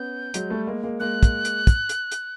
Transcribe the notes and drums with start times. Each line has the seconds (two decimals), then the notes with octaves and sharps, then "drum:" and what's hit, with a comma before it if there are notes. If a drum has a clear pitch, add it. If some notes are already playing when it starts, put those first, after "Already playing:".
Already playing: B3 C#4 G6
0.34 F#3 G#3, drum: hi-hat
0.50 G3 A3
0.67 G#3 A#3
0.83 G#3 A#3
1.00 G#3 A#3 F#6
1.23 drum: kick, hi-hat
1.45 drum: hi-hat
1.67 drum: kick, hi-hat
1.89 drum: hi-hat
2.12 drum: hi-hat